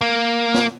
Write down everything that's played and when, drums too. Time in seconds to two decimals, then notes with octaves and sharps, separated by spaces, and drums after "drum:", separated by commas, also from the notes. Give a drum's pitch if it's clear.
0.01 A#3
0.54 drum: snare